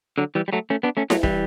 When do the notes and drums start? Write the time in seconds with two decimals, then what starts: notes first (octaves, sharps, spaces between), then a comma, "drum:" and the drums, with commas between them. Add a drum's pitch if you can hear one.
0.18 D3 F#3
0.35 E3 G3
0.48 G3
0.53 F#3 A3
0.70 A3 C#4
0.83 B3 D4
0.97 A3 C#4
1.10 F#3 A3, drum: snare E4
1.23 E3 G3, drum: kick